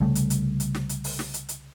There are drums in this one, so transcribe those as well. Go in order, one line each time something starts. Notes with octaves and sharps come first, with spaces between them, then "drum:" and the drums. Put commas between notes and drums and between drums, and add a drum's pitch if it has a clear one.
C2 C#3 G3 A3
drum: hi-hat
drum: hi-hat
drum: hi-hat
drum: snare
drum: hi-hat
drum: open hi-hat
drum: snare
drum: hi-hat
drum: hi-hat